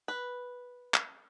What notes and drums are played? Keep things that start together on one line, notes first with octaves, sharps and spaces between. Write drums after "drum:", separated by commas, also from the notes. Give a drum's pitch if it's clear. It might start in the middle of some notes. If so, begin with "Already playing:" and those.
B4
drum: clap